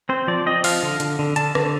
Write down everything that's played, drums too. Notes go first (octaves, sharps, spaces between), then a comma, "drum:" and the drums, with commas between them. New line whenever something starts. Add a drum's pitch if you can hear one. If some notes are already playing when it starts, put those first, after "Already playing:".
C4 C5
F3 D5
C4 D#5
F3 F5, drum: open hi-hat
D3
D3, drum: hi-hat
D3
D3 A5, drum: hi-hat
D3, drum: rim click